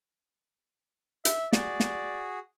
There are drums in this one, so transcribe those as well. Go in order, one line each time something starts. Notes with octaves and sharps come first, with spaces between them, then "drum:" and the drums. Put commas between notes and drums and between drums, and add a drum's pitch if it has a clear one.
E5, drum: hi-hat
F#4 G#4 D5, drum: snare
drum: snare